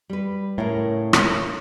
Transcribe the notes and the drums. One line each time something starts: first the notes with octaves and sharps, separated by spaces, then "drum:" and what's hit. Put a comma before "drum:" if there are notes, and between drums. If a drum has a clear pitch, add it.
G3 B4
A2 C#3 A#4
drum: rim click